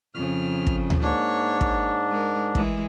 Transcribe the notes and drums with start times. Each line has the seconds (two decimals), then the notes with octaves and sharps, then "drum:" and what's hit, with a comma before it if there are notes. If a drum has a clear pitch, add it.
0.15 F2 C#3 F6
0.67 drum: kick
0.90 drum: tom D2
1.02 G#2 A#3 D4 C#5
1.61 drum: kick
2.11 G#3 A#4
2.55 E3 G#3, drum: kick